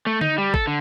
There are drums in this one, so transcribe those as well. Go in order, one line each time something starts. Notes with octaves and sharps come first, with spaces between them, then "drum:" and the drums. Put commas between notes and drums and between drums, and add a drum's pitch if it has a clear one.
A3
D#4, drum: tom D3
G3
A4, drum: kick G#1
D3